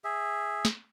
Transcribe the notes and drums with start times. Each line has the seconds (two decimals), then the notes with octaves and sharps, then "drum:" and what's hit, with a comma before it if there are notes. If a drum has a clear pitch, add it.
0.04 G#4 E5
0.65 drum: snare